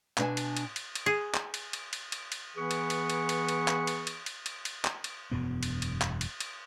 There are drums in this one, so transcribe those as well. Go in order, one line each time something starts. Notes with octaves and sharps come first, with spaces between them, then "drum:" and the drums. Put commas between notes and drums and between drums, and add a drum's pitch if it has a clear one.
B2 D4 D5 G#5, drum: clap
drum: cymbal
drum: cymbal
drum: cymbal
drum: cymbal
G#4
drum: clap
drum: cymbal
drum: cymbal
drum: cymbal
drum: cymbal
drum: cymbal
E3 B3 G#4 B4 C#6
drum: cymbal
drum: cymbal
drum: cymbal
drum: cymbal
drum: cymbal
drum: clap
drum: cymbal
drum: cymbal
drum: cymbal
drum: cymbal
drum: cymbal
drum: clap
drum: cymbal
E1 F#2 B2 B3
drum: cymbal
drum: cymbal
drum: clap
drum: cymbal
drum: cymbal